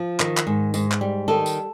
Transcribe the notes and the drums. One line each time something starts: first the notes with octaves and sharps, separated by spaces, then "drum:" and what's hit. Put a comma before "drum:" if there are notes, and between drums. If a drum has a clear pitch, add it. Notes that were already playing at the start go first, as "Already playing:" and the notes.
Already playing: F3
D#3, drum: clap
drum: clap
G#2
G#2, drum: tambourine
drum: clap
G3
D#3 A4
drum: tambourine